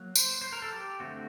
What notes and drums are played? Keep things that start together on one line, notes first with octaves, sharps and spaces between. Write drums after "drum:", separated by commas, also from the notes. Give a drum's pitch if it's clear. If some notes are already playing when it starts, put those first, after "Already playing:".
Already playing: F#3 A#3
C5, drum: tambourine
C5
A#4
A4
G4
D3 A3 C4 F#4